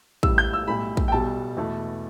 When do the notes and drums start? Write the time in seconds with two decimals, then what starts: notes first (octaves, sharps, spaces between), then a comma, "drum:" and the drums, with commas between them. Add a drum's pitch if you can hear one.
0.23 A1 A2 G3 E6, drum: kick
0.38 G6
0.53 E6
0.67 B1 A2 G3 B5
0.97 drum: kick
1.08 G5
1.12 B1 B2 G3 A5
1.57 E2 B2 A3